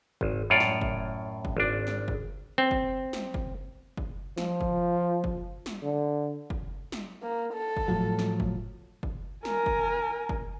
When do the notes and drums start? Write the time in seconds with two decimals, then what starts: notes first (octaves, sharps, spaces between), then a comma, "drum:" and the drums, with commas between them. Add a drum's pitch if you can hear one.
0.21 G#1, drum: kick F#1
0.50 F#2 A2 F4 C#5 D5
0.60 drum: snare
0.81 drum: kick F#1
1.45 drum: kick F#1
1.57 G#1 D4
1.87 drum: snare
2.08 drum: kick F#1
2.58 C4
2.71 drum: kick F#1
3.13 drum: snare
3.34 drum: kick F#1
3.97 drum: kick F#1
4.38 F3, drum: snare
4.61 drum: kick F#1
5.24 drum: kick F#1
5.66 drum: snare
5.83 D3
6.50 drum: kick F#1
6.92 drum: snare
7.22 A#3
7.53 A4
7.77 drum: kick F#1
7.88 A2 F3 F#3
8.19 drum: snare
8.40 drum: kick F#1
9.03 drum: kick F#1
9.45 A#4 G#5, drum: snare
9.66 drum: kick F#1
10.29 drum: kick F#1